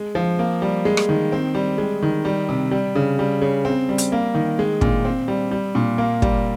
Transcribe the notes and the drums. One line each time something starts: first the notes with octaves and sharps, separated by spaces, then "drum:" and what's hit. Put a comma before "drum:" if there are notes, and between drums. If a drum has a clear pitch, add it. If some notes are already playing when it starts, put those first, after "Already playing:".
Already playing: G#3
F3
A#3
G3
G#3
drum: rim click
D#3
C4
G3
G#3
D#3
G3
C3
G3
C#3
G3
C#3
C4
G3
drum: hi-hat
A#3
D#3
G#3
A#2, drum: kick
C4
G3
G3
A#2
A#3
G3, drum: kick